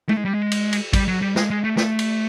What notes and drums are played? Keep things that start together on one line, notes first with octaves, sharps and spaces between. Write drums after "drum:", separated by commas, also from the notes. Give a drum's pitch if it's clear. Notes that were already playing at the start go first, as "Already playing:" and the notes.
A3, drum: tom G#3
G#3
G3
G#3
drum: cymbal
drum: cymbal
G3, drum: kick A1, cymbal
F#3
G3
G#3, drum: snare
G#3
A3
A3, drum: snare
drum: cymbal